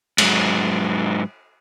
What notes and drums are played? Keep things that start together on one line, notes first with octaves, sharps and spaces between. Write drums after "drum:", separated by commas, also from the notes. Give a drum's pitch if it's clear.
G#2 F#3, drum: cymbal